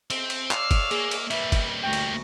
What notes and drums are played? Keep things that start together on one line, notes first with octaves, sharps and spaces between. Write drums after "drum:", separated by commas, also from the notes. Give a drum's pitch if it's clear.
C4, drum: cymbal
drum: cymbal
C#5 D5 F5 E6, drum: clap
drum: kick G1, cymbal
A#3 G#4, drum: cymbal
drum: cymbal
G3 A#3 B4 E5, drum: cymbal
drum: kick G1, cymbal
D2 G5 C#6 A#6
drum: cymbal